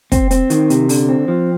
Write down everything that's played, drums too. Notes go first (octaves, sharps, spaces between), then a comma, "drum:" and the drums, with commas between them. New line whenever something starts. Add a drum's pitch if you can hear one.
C4, drum: kick, hi-hat
C4, drum: hi-hat
D#3, drum: hi-hat
C3, drum: hi-hat
D3, drum: open hi-hat
C4
F3